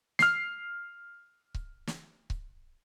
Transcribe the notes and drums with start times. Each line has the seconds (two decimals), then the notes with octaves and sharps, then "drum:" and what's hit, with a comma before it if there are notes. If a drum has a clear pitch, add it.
0.19 F6 C7, drum: snare
1.55 drum: kick C#1
1.87 drum: snare
2.30 drum: kick C#1